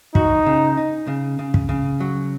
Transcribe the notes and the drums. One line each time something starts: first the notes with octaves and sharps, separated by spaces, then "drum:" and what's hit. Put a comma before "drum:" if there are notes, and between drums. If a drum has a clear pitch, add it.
D#4 F#4, drum: kick
C#3
D#4
C#3
C#3
drum: kick
C#3
F#3